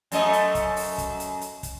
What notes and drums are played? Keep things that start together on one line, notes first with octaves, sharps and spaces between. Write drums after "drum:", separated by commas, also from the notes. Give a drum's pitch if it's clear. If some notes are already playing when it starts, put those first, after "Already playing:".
F#2 A3 D#5, drum: hi-hat
drum: hi-hat
drum: kick, hi-hat
drum: open hi-hat
drum: kick, hi-hat
drum: hi-hat
drum: hi-hat
drum: kick, hi-hat